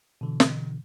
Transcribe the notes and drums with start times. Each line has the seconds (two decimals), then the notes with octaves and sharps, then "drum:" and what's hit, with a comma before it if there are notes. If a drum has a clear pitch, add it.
0.21 B2 D3 E3
0.40 drum: snare